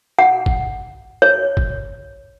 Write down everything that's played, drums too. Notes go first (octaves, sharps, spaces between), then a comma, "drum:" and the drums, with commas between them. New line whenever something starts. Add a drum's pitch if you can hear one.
F#5
drum: kick
C#5
drum: kick